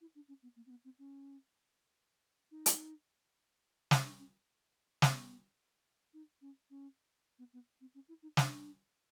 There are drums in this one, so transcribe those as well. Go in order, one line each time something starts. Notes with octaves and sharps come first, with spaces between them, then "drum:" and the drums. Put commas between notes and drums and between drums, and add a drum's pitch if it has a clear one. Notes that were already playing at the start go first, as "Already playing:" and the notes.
E4
D4
C#4
B3
A#3
C4
B3
C4
C#4
D#4
drum: hi-hat
E4, drum: snare
D4
C#4
B3, drum: snare
D#4
C#4
C#4
B3
B3
C4
C#4
E4
D#4
D4, drum: snare